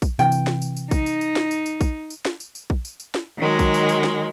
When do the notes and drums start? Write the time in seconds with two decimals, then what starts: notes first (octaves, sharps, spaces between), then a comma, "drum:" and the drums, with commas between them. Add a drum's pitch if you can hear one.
0.02 drum: kick A#1, tambourine
0.19 C3 E3 G5, drum: tambourine
0.32 drum: tambourine
0.47 drum: snare
0.62 drum: tambourine
0.76 drum: tambourine
0.91 D#4, drum: kick A#1, tambourine
1.06 drum: tambourine
1.21 drum: tambourine
1.36 drum: snare
1.51 drum: tambourine
1.66 drum: tambourine
1.81 drum: kick A#1, tambourine
2.10 drum: tambourine
2.25 drum: snare
2.40 drum: tambourine
2.55 drum: tambourine
2.70 drum: kick A#1
2.85 drum: tambourine
3.00 drum: tambourine
3.15 drum: snare
3.37 D#3 F#3 G#3
3.59 drum: kick A#1, tambourine
3.74 drum: tambourine
3.89 drum: tambourine
4.04 drum: snare